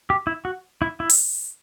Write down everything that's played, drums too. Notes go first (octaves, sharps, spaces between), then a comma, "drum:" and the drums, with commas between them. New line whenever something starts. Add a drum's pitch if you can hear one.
G4
E4
F#4
E4
E4
drum: open hi-hat